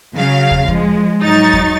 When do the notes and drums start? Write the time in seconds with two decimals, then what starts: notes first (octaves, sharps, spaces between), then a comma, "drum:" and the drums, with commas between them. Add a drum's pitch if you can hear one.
0.15 C#3 F#3 F5
0.51 drum: kick
0.68 F3 G#3, drum: kick
1.21 G#2 F#3 D#4 C#6 A6
1.53 drum: kick